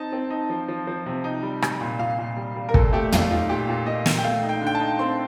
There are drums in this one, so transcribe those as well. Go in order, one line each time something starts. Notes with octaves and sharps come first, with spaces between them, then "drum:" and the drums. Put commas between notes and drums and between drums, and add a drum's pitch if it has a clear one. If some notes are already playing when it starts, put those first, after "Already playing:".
Already playing: C4 D#4 A5
C4
D#4
F3
F3
F3
C3
D#4
G3
G3, drum: rim click
A#2
A#2 F5
A#2
G3
G3
A#4
A#2 A4, drum: kick
A3 G4
A3 F4, drum: tom
D#4 F4
A#2 G4
A#2
A#2 D#5
A#2, drum: snare
G5
A3 F5
D#4
G5
D3
G5
A5
D#4
C4 C6